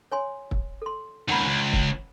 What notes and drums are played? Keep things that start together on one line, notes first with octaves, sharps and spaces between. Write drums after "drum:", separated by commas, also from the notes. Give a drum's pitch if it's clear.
C#5 G#5 C6
drum: kick
A4 C6
C#2 D#3 F#5 A#5 B5
C#2
drum: kick